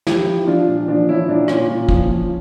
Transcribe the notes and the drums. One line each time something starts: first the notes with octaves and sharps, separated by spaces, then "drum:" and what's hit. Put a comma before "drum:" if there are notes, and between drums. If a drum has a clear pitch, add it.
F3 E4 G4, drum: snare
F3
F3 D4 F4
A#2
F3 D4
F3 C#4 E4
A#2 D4
A#2 C#4, drum: rim click
A#2
F3, drum: kick
F3